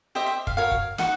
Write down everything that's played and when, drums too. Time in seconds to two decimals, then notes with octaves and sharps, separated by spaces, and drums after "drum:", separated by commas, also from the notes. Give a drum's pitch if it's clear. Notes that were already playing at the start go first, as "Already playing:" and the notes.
0.15 G4 C5 D#5 E5
0.26 E5
0.47 F5, drum: kick
0.57 F#4 A#4 C#5 F5
0.71 drum: kick
0.98 D#4 F#4 F#5, drum: snare